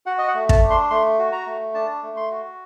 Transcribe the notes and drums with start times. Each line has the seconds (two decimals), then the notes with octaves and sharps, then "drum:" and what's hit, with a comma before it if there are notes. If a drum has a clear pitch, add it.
0.06 F#4 F#5
0.18 D#5
0.28 F#5
0.34 A3
0.49 A5, drum: kick
0.63 D4
0.70 C6
0.90 A3 C6
1.19 F#4
1.32 A#5
1.46 A3
1.74 D4 A5
2.03 A3
2.17 C6
2.31 F#4